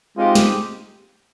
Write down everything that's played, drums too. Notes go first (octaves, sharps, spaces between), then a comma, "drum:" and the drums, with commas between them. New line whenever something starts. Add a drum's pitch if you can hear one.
G#3 C4 D#4 F4 G4
drum: snare